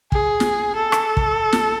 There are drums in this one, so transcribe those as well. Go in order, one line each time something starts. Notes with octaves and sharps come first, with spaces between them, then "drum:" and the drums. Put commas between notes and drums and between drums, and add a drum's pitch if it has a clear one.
G#4, drum: kick
drum: snare
A4
drum: rim click
drum: kick
drum: snare